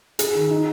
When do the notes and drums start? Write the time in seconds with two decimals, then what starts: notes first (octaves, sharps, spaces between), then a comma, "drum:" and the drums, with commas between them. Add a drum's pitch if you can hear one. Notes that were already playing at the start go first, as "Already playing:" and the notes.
0.19 G#4, drum: hi-hat
0.35 D#3
0.51 D#4